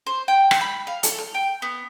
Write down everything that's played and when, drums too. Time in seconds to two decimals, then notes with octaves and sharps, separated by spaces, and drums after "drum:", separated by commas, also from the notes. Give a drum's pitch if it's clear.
0.06 C5
0.28 G5
0.51 drum: rim click
0.61 B5
0.87 F5
1.03 A4, drum: hi-hat
1.18 F6
1.34 G5
1.62 B3